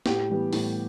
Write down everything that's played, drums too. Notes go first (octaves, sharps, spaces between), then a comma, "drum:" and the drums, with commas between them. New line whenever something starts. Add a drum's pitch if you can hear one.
A2 G4, drum: snare
E3 G3 B3
A2, drum: open hi-hat